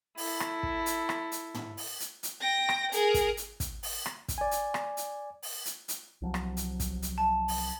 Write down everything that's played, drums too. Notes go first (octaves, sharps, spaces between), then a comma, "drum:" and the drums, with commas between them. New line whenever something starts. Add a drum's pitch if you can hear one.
E4 A4, drum: open hi-hat
drum: rim click
drum: kick
drum: hi-hat
drum: rim click
drum: hi-hat
drum: tom
drum: open hi-hat
drum: hi-hat
drum: hi-hat
G5 A#6
drum: rim click
G#4 A#4, drum: hi-hat
drum: kick, hi-hat
drum: hi-hat
drum: kick, hi-hat
drum: open hi-hat
drum: rim click
drum: kick, hi-hat
D5 G#5
drum: hi-hat
drum: rim click
drum: hi-hat
drum: open hi-hat
drum: hi-hat
drum: hi-hat
C2 F3 F#3
drum: rim click
drum: hi-hat
drum: kick, hi-hat
drum: hi-hat
A5
drum: open hi-hat